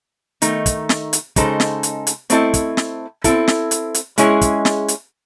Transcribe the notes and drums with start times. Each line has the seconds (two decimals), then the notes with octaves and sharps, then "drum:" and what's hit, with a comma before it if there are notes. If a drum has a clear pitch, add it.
0.42 D#3 A3 D#4, drum: hi-hat
0.66 drum: kick, hi-hat
0.89 drum: snare
1.13 drum: hi-hat
1.36 C#3 G#3 D#4 A4 C5, drum: kick, hi-hat
1.60 drum: snare
1.83 drum: hi-hat
2.07 drum: hi-hat
2.30 A3 C4 E4 A4 D#5, drum: hi-hat
2.54 drum: kick, hi-hat
2.77 drum: snare
3.24 C4 E4 A4, drum: kick, hi-hat
3.48 drum: snare
3.71 drum: hi-hat
3.94 drum: hi-hat
4.18 G#3 C#4 E4 G#4 D#5, drum: hi-hat
4.41 drum: kick, hi-hat
4.65 drum: snare
4.88 drum: hi-hat